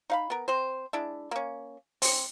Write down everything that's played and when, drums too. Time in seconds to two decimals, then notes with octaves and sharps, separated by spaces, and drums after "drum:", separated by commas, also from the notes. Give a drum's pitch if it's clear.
0.10 D#4 F5 B5
0.30 B3 A#4
0.48 C4 C5
0.93 G#3 D4 E4
1.31 A#3 C#4
2.02 C4, drum: open hi-hat